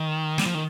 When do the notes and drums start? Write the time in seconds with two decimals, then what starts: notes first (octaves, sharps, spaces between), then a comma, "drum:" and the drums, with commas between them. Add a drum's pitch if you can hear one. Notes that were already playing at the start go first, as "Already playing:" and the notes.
Already playing: D#3
0.38 G3, drum: snare
0.46 F3
0.55 D#3